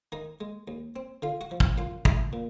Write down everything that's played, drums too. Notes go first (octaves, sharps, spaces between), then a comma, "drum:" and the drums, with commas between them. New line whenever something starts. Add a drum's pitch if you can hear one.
D#3 D#4 D#5
G#3
D#2
C4
D3 F4 F5
F#4 F#5
F3
F#4 F#5, drum: kick
F#2 F4 F5
G#3 E4 E5, drum: kick
A#2